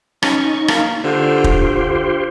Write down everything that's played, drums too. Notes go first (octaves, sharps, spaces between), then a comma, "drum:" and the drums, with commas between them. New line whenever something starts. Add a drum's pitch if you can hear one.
C#4 D#4 C#6, drum: rim click
A#3, drum: rim click
D3 F4 G4 C5
drum: kick
D3